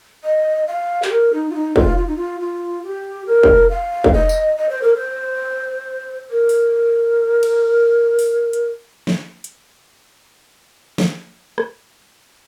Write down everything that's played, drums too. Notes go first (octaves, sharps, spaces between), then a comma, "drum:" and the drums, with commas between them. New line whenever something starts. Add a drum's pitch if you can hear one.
D#5
F5
G4, drum: clap
A#4
D#4
F4
D#4
F4, drum: kick
F4
D#4
F4
F4
G4
A#4
drum: kick
F5
drum: kick
D#5
drum: tambourine
D#5
C5
A#4
C5
A#4
drum: open hi-hat
drum: cymbal
drum: open hi-hat
drum: hi-hat
drum: snare
drum: hi-hat
drum: snare
drum: rim click